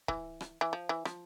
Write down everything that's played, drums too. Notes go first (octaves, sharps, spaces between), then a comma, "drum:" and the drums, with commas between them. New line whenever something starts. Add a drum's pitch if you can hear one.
E3, drum: kick
drum: rim click
E3
F3
E3
F3, drum: rim click